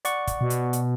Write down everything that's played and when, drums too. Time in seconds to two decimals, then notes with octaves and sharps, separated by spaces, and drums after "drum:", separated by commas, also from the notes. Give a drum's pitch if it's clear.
0.05 D5 F#5 C#6, drum: hi-hat
0.27 drum: kick, hi-hat
0.41 B2
0.50 drum: hi-hat
0.73 drum: hi-hat